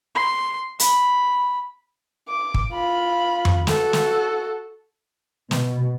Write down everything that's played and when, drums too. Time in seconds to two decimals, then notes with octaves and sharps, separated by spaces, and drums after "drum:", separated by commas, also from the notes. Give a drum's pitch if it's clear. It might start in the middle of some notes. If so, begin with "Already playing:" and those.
0.15 C6
0.80 B5, drum: hi-hat
2.29 D6
2.54 drum: kick
2.73 F4 B5
3.45 drum: tom F2
3.67 F#4 A4, drum: snare
3.93 drum: snare
5.51 B2, drum: snare